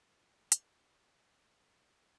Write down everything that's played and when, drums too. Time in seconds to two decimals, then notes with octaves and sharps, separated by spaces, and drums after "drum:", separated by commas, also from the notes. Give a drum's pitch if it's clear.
0.17 A#2 F#3 C6
0.52 drum: hi-hat
0.70 A#2 F#3 B5
0.90 B5
0.96 C6
1.22 A#2 F#3 C6
1.39 A#5
1.49 B5
1.75 C3 D#3 G3 B5
1.95 A5
2.01 A#5